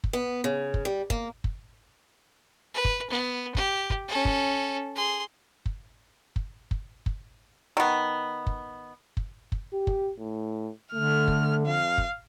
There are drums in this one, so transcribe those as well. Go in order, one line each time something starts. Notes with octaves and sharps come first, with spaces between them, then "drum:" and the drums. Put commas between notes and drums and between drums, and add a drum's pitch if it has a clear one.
drum: kick
B3
C#3
drum: kick
G3
A#3, drum: kick
drum: kick
B4
drum: kick
B3
G4, drum: kick
drum: kick
C#4 A4
drum: kick
G#4 C6
drum: kick
drum: kick
drum: kick
drum: kick
D#3 B3
drum: kick
drum: kick
drum: kick
G4
drum: kick
A2
D3 A3 F6
drum: kick
F2 F5
drum: kick